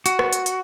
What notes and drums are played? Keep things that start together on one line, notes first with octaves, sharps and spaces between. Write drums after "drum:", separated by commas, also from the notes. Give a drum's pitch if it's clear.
F#4, drum: hi-hat
drum: rim click
drum: hi-hat
drum: hi-hat